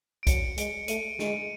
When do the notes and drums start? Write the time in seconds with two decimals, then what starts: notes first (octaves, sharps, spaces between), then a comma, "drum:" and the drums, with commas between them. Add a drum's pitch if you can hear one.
0.23 D7
0.27 F#3 C#7, drum: kick, hi-hat
0.58 G#3 D7, drum: hi-hat
0.88 A3 D#7, drum: hi-hat
1.19 G#3 D7, drum: snare